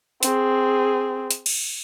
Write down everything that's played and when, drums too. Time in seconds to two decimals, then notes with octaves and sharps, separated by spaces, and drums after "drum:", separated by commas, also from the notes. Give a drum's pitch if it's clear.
0.23 C4 G#4, drum: hi-hat
1.31 drum: hi-hat
1.46 drum: cymbal